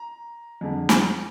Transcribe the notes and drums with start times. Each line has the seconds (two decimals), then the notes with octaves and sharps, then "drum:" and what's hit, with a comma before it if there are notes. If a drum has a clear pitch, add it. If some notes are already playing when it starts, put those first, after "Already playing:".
Already playing: A#5
0.61 F2 D3 G#3
0.89 drum: snare